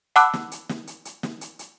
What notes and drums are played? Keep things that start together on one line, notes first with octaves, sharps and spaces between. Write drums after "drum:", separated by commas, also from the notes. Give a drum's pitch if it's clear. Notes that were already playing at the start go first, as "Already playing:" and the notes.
F#5 A5 B5 D6 E6 F#6, drum: hi-hat
drum: snare
drum: hi-hat
drum: snare
drum: hi-hat
drum: hi-hat
drum: snare
drum: hi-hat
drum: hi-hat